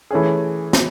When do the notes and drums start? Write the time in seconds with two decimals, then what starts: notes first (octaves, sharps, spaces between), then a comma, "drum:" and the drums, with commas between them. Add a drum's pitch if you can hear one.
0.11 E3 A3 C#4 G#4
0.73 drum: snare